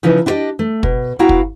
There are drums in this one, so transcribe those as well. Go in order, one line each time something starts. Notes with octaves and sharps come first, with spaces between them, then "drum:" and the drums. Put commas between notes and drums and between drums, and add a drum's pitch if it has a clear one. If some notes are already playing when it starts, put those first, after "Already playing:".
C#3 F3 D#4 E4 B4
D4 E4 G4 C5 D5 D#5
A3
B2, drum: kick
B3 E4 F#4 F5 G5 A#5
drum: kick